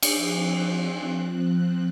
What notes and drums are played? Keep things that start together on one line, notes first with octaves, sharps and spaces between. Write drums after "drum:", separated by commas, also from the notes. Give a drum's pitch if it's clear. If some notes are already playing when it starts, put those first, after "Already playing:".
drum: cymbal
F3 C4 F#6